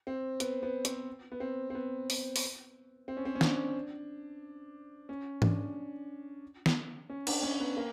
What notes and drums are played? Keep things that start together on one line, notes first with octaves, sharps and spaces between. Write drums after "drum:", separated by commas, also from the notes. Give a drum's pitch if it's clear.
C4
B3, drum: hi-hat
B3
C4, drum: hi-hat
B3
C4
C4
B3
drum: open hi-hat
drum: open hi-hat
C4
C#4
C4
C#4
D4, drum: snare
C#4
D4, drum: tom
drum: snare
C#4
D4, drum: cymbal
C#4
B3
A#3